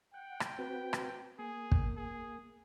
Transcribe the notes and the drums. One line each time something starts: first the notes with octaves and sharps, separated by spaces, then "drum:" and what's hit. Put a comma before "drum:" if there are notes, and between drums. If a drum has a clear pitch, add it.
F#5 G5
drum: rim click
C4 F#4 B4
drum: rim click
A#3 G#4
drum: kick
G#4